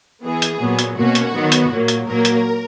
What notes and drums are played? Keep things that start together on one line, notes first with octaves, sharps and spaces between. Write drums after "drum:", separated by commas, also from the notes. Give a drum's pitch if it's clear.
E3 B3 G#4
drum: hi-hat
A#2 F#3 B3
drum: hi-hat
B2 A#3 C#4 F#4
drum: hi-hat
D#3 F#3 B3
drum: hi-hat
A#2 F#3 A#3
drum: hi-hat
A#2 F#3 A#3 A#4
drum: hi-hat